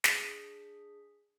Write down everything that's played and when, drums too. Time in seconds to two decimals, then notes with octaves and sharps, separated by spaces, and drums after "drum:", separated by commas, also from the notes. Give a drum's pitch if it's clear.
0.04 D4 G#4 B6, drum: snare